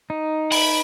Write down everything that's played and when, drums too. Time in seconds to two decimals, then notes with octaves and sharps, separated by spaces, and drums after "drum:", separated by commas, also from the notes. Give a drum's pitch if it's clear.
0.10 D#4
0.52 B5, drum: open hi-hat